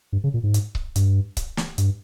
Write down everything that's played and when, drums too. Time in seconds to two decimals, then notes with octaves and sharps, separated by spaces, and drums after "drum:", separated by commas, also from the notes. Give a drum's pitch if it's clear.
0.13 G2
0.24 C#3
0.34 A#2
0.43 G#2
0.54 drum: hi-hat
0.75 drum: kick C#1
0.96 G2, drum: hi-hat
1.37 drum: kick C#1, hi-hat
1.57 drum: snare
1.78 G2, drum: hi-hat